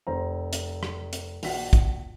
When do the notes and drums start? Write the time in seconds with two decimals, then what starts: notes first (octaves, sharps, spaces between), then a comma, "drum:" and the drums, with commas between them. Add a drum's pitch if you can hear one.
0.07 F1 C5 A#5
0.53 drum: hi-hat
0.83 drum: rim click
1.13 drum: hi-hat
1.43 A#1 F#4 F#5 B6, drum: open hi-hat
1.73 drum: kick, hi-hat